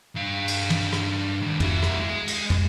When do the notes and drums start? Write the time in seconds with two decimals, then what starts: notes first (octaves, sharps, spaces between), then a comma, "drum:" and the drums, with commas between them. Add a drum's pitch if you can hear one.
0.16 G2 F5
0.48 drum: cymbal
0.70 drum: tom
0.93 drum: rim click
1.42 G#2 D#3
1.60 E4 F#4, drum: tom
1.83 drum: rim click
1.99 G#3
2.28 drum: cymbal
2.50 drum: tom